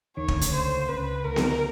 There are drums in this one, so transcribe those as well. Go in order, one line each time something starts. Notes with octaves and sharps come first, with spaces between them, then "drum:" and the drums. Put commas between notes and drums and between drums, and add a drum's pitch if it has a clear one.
D#2 D#3 C#5
D2 D3, drum: kick
C#2 C#3, drum: hi-hat
C5
C#2 C#3 B4
D2 D3 A#4
drum: snare B3